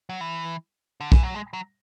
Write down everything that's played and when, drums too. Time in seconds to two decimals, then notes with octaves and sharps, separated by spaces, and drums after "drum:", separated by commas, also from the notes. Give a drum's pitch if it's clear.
0.09 F#3
0.21 E3
1.00 D3
1.12 E3, drum: kick
1.23 F#3
1.35 G#3
1.53 F#3